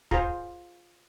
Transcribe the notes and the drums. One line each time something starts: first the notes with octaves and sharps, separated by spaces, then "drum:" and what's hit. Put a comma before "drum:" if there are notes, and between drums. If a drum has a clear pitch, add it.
F4 G#4 C5 A#5, drum: kick